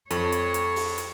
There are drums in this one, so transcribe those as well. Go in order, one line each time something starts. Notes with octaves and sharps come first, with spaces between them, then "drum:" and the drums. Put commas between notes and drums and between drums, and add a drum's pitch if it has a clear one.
F2 A4 C#5 C#6, drum: hi-hat
drum: hi-hat
drum: hi-hat
drum: open hi-hat
drum: hi-hat